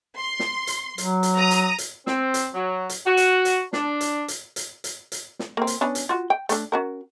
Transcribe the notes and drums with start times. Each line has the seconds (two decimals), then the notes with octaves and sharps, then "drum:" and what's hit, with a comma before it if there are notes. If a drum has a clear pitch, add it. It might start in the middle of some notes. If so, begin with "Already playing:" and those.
0.17 C6
0.40 drum: snare
0.67 drum: hi-hat
0.98 F#3, drum: hi-hat
1.23 drum: hi-hat
1.36 A#5 D#6
1.51 drum: hi-hat
1.78 drum: hi-hat
2.07 C4, drum: snare
2.34 drum: hi-hat
2.53 F#3
2.89 drum: hi-hat
3.05 F#4
3.17 drum: hi-hat
3.45 drum: hi-hat
3.73 D4, drum: snare
4.01 drum: hi-hat
4.28 drum: hi-hat
4.56 drum: hi-hat
4.84 drum: hi-hat
5.12 drum: hi-hat
5.39 drum: snare
5.57 A#3 C4
5.67 drum: hi-hat
5.81 B3 C#4 D4
5.95 drum: hi-hat
6.09 F4 F#4
6.30 G5
6.49 A3 D4, drum: hi-hat
6.72 C#4 F#4 A#4